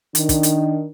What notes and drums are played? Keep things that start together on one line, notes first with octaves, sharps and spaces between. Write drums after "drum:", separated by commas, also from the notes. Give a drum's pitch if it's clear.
D#3 D4, drum: hi-hat
drum: kick, hi-hat
drum: hi-hat